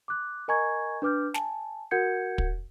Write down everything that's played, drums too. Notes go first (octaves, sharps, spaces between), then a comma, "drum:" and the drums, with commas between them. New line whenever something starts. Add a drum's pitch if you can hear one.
D6 F#6
A#4 D#5 G#5 A#5 C#6 G#6
D4 B4 D6 F6 G6
G#5 A5, drum: snare
F#4 A#4 F#5 G6 G#6 C#7
drum: kick